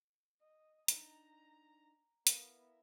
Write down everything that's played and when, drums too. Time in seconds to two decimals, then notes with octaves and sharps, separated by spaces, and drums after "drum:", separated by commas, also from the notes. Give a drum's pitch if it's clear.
0.41 D#5
0.88 D4 D#4 A#5, drum: hi-hat
2.27 B3 E4 A#4 F5, drum: hi-hat